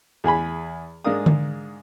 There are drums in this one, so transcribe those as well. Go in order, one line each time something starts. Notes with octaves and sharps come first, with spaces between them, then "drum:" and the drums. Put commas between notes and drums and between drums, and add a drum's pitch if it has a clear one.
E2 G#4 G#5 B5
G#2 G#3 D4 A#4 F5 D#6
drum: tom D3